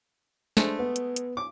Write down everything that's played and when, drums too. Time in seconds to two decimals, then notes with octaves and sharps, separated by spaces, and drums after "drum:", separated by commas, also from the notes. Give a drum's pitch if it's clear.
0.57 G#3 A3 D4 C5, drum: snare
0.79 B3
0.96 drum: hi-hat
1.16 drum: hi-hat
1.37 D6